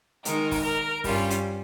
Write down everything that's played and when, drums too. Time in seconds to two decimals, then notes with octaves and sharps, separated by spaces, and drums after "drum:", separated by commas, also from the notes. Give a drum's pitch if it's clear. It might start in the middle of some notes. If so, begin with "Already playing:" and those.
0.25 D#3 G#3 D#4 A#4, drum: hi-hat
0.51 drum: kick, open hi-hat
0.64 A#4
1.04 G2 G3 C#4 F4, drum: kick, open hi-hat
1.30 drum: hi-hat